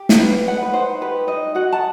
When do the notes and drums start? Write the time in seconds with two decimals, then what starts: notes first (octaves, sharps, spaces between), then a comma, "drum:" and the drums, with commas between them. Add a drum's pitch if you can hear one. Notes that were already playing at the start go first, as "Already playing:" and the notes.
Already playing: G4
0.09 drum: snare
0.20 B4
0.47 D#4 F#5
0.62 B4
0.73 D#4 C5
1.01 G4 B4
1.27 D#4 D#5
1.55 F#4 F#5
1.72 A5